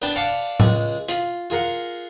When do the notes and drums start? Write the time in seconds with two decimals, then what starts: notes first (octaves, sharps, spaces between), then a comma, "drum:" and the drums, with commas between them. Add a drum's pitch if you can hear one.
0.02 B3 D4 B4 G5 A5 B5, drum: open hi-hat
0.16 D5 F5 F#5 A5 B5 D6
0.60 C#2 G#3, drum: tom A2
1.08 F4, drum: hi-hat
1.50 F4 G#4 A#4 F#5